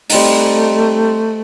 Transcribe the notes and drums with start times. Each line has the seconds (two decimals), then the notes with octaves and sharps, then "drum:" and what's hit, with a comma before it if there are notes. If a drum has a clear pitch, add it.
0.10 G3 A3 C4 D#4, drum: open hi-hat